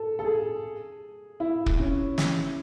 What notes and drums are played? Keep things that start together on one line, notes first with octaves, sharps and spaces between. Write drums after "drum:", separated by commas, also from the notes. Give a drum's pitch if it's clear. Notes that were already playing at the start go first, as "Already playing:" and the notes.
Already playing: A4
A4
G#4
E4
drum: kick
C#4
drum: snare